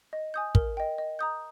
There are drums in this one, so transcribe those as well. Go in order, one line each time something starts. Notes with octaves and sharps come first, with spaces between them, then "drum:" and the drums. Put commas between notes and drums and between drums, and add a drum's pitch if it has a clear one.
D#5
G#5 D#6 G6
A#4, drum: kick
D#5 G5
D#5
A#5 D#6 G6